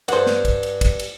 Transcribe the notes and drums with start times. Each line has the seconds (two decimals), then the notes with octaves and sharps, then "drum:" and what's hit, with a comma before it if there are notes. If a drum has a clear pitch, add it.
0.08 G2 C5 F#5, drum: cymbal
0.27 drum: snare
0.45 drum: kick, cymbal
0.63 drum: cymbal
0.81 drum: kick, cymbal
0.99 drum: cymbal